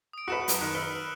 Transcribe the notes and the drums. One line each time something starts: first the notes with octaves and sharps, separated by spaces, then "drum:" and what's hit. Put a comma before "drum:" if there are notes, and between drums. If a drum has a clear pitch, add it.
D#6 D7
F#4 A4 B4 C#7 E7
F#2, drum: hi-hat
D#3 F#6
B4 E6 F6 G7